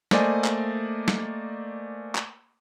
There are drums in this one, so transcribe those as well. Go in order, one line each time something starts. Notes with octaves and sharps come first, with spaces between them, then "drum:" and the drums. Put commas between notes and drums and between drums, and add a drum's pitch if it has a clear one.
A3 A#3 C5 D5 D#5 G#5, drum: snare
drum: clap
drum: snare
drum: clap